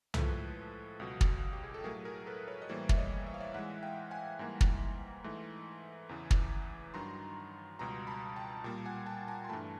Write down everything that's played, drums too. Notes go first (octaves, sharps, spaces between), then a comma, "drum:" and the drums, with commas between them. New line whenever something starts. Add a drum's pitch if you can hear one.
A2 F3 G#3 A4 B4, drum: tom C2
C#2 B2 F#3
drum: kick
G4
G#4
A4
A2 F#3 A3 G#4 A#4
G#4 A#4
A4 B4
B4 C#5
D#5
A2 E3 G3 A#3 C5 D5
E5, drum: kick
C#5 D#5
E5
F5
D5 E5
G#2 E3 G#3 E5 F#5
F5 G5
F#5 G#5
G#2 E3 G3 A#3
drum: kick
G#2 E3 A3
E2 C#3 E3
drum: kick
G2 D#3 F#3 A#5 C6
C#2 B2 G3 A#5 C6
A5 B5
G5 A5
A#2 G3 A#3 G5 A5
F#5 G#5
G5 A5
G#5 A#5
C6
G2 E3 A3 A5 B5